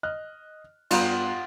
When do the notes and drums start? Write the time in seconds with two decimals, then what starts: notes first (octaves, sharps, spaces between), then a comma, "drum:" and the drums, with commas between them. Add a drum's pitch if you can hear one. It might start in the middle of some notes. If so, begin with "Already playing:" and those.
0.03 D#5 F6 F#6
0.91 G2 B3 F4 F#5 G5 A#5, drum: cymbal